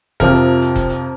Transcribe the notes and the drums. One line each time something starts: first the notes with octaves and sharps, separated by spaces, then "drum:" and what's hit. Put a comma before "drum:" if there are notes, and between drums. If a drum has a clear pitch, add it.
F2 C3 F3 A#4, drum: kick E1, hi-hat
drum: hi-hat
drum: hi-hat
drum: kick E1, hi-hat
drum: hi-hat